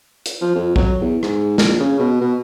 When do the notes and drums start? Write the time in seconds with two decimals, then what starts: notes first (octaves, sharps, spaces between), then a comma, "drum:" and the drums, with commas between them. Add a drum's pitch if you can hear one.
0.26 drum: hi-hat
0.41 F3
0.55 F2
0.76 F#3, drum: kick A#1
1.01 E2
1.23 G#2, drum: rim click
1.58 A#1, drum: snare
1.80 C#3
2.00 B2
2.21 B2